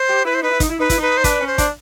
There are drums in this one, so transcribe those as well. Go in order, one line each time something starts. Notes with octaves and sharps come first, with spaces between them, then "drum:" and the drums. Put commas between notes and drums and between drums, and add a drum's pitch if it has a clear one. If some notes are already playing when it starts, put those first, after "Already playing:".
Already playing: C5
G4
E4 B4
C5
D#4 B4
E4
D#4, drum: kick, hi-hat
E4
D#4 B4
E4, drum: kick, hi-hat
D#4 B4
C5
D4 B4, drum: kick, hi-hat
C#4
C5
D4, drum: kick, hi-hat